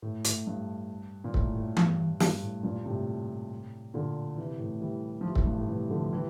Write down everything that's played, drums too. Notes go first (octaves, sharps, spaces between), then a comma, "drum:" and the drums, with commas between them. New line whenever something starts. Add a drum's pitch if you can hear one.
A2
A2, drum: hi-hat
G2
A#2
A2, drum: kick
A2
G2, drum: tom E3
G2, drum: snare
A2
G2 A#2
A2 C3
A#2 D3
C3 E3
A2
E3 G3
F3
E3 G3
A2, drum: kick
G2
A2
C3 E3
D3 F3
E3 G3